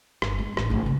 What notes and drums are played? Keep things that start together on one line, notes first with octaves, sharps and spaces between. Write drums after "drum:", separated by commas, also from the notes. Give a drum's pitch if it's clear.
G1, drum: rim click
G#3
A1 D#4, drum: rim click
A1 G#2
C#3